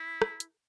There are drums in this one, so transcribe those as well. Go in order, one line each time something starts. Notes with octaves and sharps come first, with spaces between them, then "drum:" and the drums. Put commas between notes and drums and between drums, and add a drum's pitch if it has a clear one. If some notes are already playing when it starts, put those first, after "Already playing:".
Already playing: E4
drum: rim click
drum: hi-hat